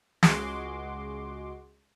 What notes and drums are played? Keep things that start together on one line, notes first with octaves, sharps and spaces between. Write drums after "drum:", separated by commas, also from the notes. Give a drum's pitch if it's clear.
C#2 G#3 F#4 C6 D6, drum: snare